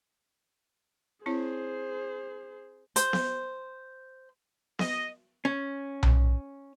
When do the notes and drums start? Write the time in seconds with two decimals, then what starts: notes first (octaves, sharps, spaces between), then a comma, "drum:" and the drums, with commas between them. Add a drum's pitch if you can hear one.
1.26 C4 E4 G#4 C5 C#5
2.96 C5, drum: hi-hat
3.13 drum: snare B3
4.79 D#5, drum: snare B3
5.45 C#4
6.03 drum: tom B1